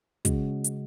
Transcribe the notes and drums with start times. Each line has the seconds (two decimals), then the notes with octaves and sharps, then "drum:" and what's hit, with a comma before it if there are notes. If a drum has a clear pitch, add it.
0.25 C#3 G#3 C#4 F#4, drum: kick, hi-hat
0.64 drum: hi-hat